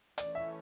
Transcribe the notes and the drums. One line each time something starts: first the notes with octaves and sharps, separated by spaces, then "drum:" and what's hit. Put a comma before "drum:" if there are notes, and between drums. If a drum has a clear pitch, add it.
E3 A3 C#4 D5, drum: hi-hat
E5